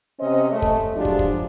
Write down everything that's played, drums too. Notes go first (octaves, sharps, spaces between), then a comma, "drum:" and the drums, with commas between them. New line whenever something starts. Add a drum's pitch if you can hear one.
C3 C#4 C5 D#5
A3
drum: kick
F3 F#3 G#3 D4 F4 G4
drum: kick
drum: kick